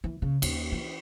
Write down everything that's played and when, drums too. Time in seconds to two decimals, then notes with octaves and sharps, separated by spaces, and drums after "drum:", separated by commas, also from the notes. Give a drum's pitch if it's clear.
0.04 E3
0.22 C#3
0.42 D#2, drum: cymbal
0.72 E3